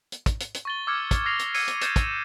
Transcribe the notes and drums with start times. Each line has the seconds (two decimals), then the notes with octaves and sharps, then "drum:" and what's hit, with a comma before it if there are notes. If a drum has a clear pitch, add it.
0.12 drum: hi-hat
0.26 drum: kick, hi-hat
0.40 drum: hi-hat
0.54 drum: hi-hat
0.65 C#6 A6 G7
0.87 D6 E6 F6 G#6 C#7
1.11 drum: kick, hi-hat
1.25 E6 F6 A#6 C7 F7
1.39 drum: hi-hat
1.54 E6 G#6 C7 C#7 D#7, drum: open hi-hat
1.68 drum: hi-hat
1.81 G6 A6 C#7 E7, drum: hi-hat
1.96 drum: kick, hi-hat